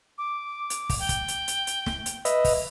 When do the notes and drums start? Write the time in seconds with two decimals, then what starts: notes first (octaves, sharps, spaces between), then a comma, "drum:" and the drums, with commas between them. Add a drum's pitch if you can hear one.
0.18 D6
0.70 drum: hi-hat
0.90 drum: kick, open hi-hat
0.99 G5
1.09 drum: kick, hi-hat
1.28 drum: hi-hat
1.48 drum: hi-hat
1.67 drum: hi-hat
1.86 drum: snare
2.06 drum: hi-hat
2.25 B4 D#5 E5, drum: hi-hat
2.44 drum: kick, open hi-hat